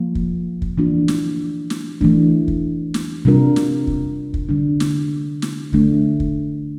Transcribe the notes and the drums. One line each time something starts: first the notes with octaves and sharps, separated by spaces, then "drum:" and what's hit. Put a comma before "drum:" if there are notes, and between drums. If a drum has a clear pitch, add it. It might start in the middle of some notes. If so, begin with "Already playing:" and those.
Already playing: F3 A#3 F4
drum: kick
drum: kick
E3 A#3 D4 F4
drum: snare
drum: snare
E3 A3 D4, drum: kick
drum: kick
drum: snare
C3 G3 D4 F4 A#4
drum: snare
drum: kick
drum: kick
D3 G3 D4
drum: snare
drum: snare
D3 A3 D4, drum: kick
drum: kick